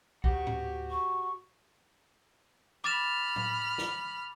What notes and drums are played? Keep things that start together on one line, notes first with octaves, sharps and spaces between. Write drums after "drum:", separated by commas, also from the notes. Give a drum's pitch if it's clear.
D2 F#4 G4, drum: kick
drum: tom G#2
C#6
B5 D6 F6 A6 E7
drum: tom A2
drum: snare